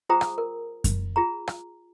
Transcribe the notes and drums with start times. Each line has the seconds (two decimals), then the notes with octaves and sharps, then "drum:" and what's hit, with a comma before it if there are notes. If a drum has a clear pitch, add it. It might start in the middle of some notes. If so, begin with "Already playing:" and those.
0.09 F4 G#4 C5 G5 A#5 D#6
0.21 drum: rim click
0.38 A#4
0.84 drum: kick F#2, hi-hat
1.16 F4 G#4 A#5
1.48 drum: rim click